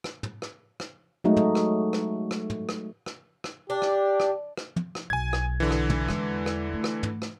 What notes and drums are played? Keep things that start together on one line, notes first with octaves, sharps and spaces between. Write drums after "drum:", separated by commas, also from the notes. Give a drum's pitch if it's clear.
drum: rim click
drum: tom
drum: rim click
drum: rim click
F#3 G#3 A3 D#4 F#4
drum: tom
drum: rim click
drum: rim click
drum: rim click
drum: tom
drum: rim click
drum: rim click
drum: rim click
D4 G4
drum: rim click
drum: rim click
drum: rim click
drum: tom
drum: rim click
B1 G#5 G#6
drum: rim click
D3 E3
drum: rim click
drum: tom
E2 G#3, drum: rim click
drum: rim click
A3
drum: rim click
drum: tom
drum: rim click